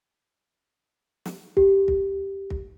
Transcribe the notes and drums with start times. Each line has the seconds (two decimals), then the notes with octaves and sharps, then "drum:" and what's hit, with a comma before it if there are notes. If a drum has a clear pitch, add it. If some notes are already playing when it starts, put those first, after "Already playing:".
1.26 drum: snare
1.57 G4, drum: kick
1.88 drum: kick
2.50 drum: kick